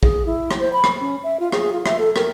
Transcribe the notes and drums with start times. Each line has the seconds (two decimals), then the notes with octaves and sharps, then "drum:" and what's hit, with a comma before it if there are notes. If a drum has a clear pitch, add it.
0.03 G#4, drum: kick
0.26 E4
0.51 drum: rim click
0.60 C5
0.73 B5
0.84 drum: rim click
1.00 C#4
1.24 E5
1.40 F4
1.52 G#4, drum: rim click
1.73 F4
1.86 E5, drum: rim click
1.99 A4
2.16 A#4, drum: rim click